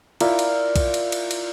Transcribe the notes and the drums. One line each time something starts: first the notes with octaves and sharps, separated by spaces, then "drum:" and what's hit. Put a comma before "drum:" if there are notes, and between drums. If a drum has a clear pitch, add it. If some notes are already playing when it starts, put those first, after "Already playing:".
E4 F4 A#4 D5, drum: cymbal
drum: cymbal
drum: kick, cymbal
drum: cymbal
drum: cymbal
drum: cymbal